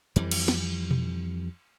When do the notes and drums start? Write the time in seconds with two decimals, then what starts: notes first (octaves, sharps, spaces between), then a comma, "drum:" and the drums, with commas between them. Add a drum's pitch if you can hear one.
0.16 F2 E3 G3, drum: hi-hat
0.31 drum: cymbal
0.48 drum: snare
0.91 drum: tom B2